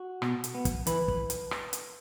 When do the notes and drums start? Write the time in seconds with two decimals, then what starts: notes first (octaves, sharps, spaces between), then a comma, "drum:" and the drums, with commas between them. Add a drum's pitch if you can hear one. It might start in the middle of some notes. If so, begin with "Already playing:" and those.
Already playing: F#4
0.22 B2, drum: rim click
0.44 drum: hi-hat
0.55 B3
0.65 drum: kick, hi-hat
0.87 E3 B4, drum: hi-hat
1.08 drum: kick
1.30 drum: hi-hat
1.51 drum: rim click
1.73 drum: hi-hat